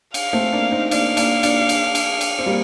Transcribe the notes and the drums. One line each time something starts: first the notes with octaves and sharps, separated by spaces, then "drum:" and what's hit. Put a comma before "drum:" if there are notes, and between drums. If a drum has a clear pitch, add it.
F5, drum: cymbal
A3 C4
A#3 D4
C4 D#4
A#3 D4 F5, drum: cymbal
A#3 D4, drum: cymbal
A#3 D4, drum: cymbal
drum: cymbal
drum: cymbal
drum: cymbal
C4
G3 A#3